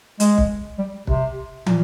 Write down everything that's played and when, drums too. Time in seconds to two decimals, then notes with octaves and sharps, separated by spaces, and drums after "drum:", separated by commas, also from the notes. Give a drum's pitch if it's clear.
0.20 G#3, drum: hi-hat
0.38 drum: kick
0.78 G3
1.07 C3, drum: kick
1.66 A#2, drum: tom